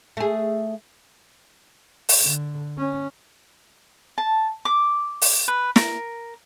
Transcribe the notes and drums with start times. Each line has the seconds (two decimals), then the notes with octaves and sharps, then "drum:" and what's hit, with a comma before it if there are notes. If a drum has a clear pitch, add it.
0.17 A3 G#4
2.09 drum: open hi-hat
2.22 D3
2.78 C#4
4.18 A5
4.65 D6
5.22 drum: open hi-hat
5.48 B4
5.76 A#4, drum: snare